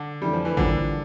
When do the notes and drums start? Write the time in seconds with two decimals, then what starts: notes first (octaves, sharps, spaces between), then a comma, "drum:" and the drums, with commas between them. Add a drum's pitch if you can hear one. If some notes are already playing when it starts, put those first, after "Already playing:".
Already playing: D3
0.21 F2 E3 G3 A3 D4
0.33 F3
0.45 E3
0.57 D3 E3 G3 A#3 F4 C5, drum: kick G#1